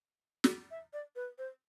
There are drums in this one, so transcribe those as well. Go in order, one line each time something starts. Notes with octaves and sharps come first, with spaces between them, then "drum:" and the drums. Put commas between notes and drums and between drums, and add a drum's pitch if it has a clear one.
drum: snare
E5
D5
B4
C5